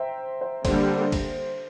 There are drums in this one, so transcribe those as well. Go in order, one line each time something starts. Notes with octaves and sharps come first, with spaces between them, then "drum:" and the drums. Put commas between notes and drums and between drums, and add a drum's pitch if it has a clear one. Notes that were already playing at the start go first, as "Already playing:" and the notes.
Already playing: C5 E5 G5 A#5
C5
D3 G3 A#3 C5, drum: kick G1, cymbal
drum: kick G1, cymbal